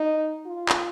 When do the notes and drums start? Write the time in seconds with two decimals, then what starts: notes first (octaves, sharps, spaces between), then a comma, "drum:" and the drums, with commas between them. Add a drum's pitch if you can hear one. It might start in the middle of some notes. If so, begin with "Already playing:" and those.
Already playing: D#4
0.46 F4
0.69 drum: clap